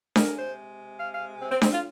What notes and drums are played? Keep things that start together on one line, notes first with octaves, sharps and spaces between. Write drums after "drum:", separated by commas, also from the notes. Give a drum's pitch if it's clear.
C3 G#3 A#4, drum: snare D4
C5
F5
F5
C4
C4
C4, drum: snare D4
F4